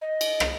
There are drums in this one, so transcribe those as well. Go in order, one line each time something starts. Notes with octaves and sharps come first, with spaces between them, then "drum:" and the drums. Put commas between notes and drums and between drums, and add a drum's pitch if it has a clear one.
D#5
drum: cymbal
drum: rim click